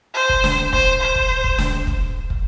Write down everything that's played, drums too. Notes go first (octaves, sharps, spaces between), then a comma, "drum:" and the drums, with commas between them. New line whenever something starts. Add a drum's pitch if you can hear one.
C5
drum: kick
drum: snare
C5, drum: kick
C5
drum: kick
drum: kick
drum: snare
drum: kick
drum: kick